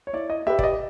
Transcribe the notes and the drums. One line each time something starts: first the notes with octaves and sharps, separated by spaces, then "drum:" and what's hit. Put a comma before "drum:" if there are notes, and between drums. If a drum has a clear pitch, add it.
C#5
E4 D5
D#5
G4 B4 E5
D5, drum: kick
D#5